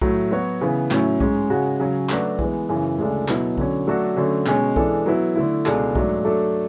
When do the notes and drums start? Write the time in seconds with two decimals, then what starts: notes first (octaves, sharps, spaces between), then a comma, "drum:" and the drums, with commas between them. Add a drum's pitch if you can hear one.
0.01 A2 F#3 A3, drum: kick B1
0.31 F#3 B3 F#4 C#5
0.61 C#3 E3 B3
0.91 A2 F#3 C#4 E4, drum: clap
1.20 G#2 G#3 C#4, drum: kick B1
1.50 C#3 G#3 C#4 F#4
1.80 C#3 F#3 C#4
2.09 F#3 A3 D4 F#4 B4, drum: clap
2.39 E3 G#3 B3, drum: kick B1
2.69 F#2 C#3 E3
2.98 D2 C#3 G#3 D4 A4
3.28 B2 F#3 B3 E4, drum: clap
3.58 D3 F#3 C#4, drum: kick B1
3.87 F#3 A3 D4 F#4 A4
4.17 D3 F#3 A3 C#4
4.46 B2 G#3 C#4, drum: clap
4.76 E3 G#3 D4 A4, drum: kick B1
5.06 F#3 B3 E4
5.36 D3 A3 E4
5.66 C#2 B2 G#3 D4 A4, drum: clap
5.95 G#2 F#3 A3 D4, drum: kick B1
6.25 F#3 A3 D4 A4